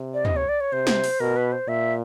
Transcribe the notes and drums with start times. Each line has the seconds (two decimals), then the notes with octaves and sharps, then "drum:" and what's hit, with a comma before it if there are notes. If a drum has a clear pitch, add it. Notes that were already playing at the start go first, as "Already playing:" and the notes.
Already playing: C3
0.14 D5
0.25 D#5, drum: tom
0.37 C#5
0.49 D5
0.61 C#5
0.73 C3 C5
0.87 drum: snare
1.04 drum: open hi-hat
1.20 B2 A#4
1.36 B4
1.52 C5
1.68 A#2 E5